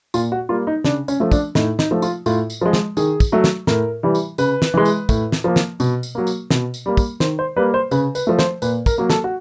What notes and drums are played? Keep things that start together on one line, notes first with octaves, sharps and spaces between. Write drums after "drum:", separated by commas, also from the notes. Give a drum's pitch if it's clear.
A#2 F4, drum: tambourine
F#4
G3 A#3 F4
D#4
C#3 D4, drum: snare
C#4, drum: tambourine
F3 A3
D4, drum: kick, tambourine
A2 D#4, drum: snare
D#4, drum: snare
F3 A3
F4, drum: tambourine
A2 F4, drum: tambourine
drum: tambourine
F3 G#3
drum: snare
D#3 G#4, drum: tambourine
drum: kick, tambourine
F#3 A3
drum: snare
A2 A#4, drum: snare
E3 G3
drum: tambourine
C#3 B4, drum: tambourine
drum: snare
E3 G#3
drum: tambourine
A2, drum: kick, tambourine
drum: snare
F3 A#3
drum: snare
B2, drum: tambourine
drum: tambourine
F#3 A#3
drum: tambourine
B2, drum: snare
drum: tambourine
G3 A#3
drum: kick, tambourine
D#3 C5, drum: snare
C5
G3 A#3 B4
C5
C#3 B4, drum: tambourine
B4, drum: tambourine
F3 A3
C5, drum: snare
A#2 B4, drum: tambourine
A#4, drum: kick, tambourine
F#3 A#3
A4, drum: snare
F#4